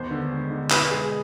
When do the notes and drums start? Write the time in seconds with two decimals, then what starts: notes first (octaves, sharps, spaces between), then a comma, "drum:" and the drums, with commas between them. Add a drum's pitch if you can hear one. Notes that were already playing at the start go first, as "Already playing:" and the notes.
Already playing: D#2 B3 C5
0.11 D3
0.32 G#3
0.51 D3
0.71 B2 B4, drum: clap
0.91 G#3 G#4